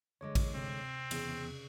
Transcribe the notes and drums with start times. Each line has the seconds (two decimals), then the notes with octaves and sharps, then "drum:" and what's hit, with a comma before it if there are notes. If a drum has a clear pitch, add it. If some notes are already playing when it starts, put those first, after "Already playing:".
0.21 D2 D3 G#3 C#5 D6
0.35 drum: kick A1, cymbal
0.55 C3 C4
1.11 E2 C#3, drum: cymbal